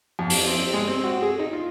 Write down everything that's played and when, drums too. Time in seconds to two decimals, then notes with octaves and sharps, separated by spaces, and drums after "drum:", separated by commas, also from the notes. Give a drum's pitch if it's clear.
0.19 F2
0.30 drum: open hi-hat
0.47 C4
0.74 G#3
0.88 C4
1.04 F#4
1.22 G#4
1.39 D#4
1.53 F4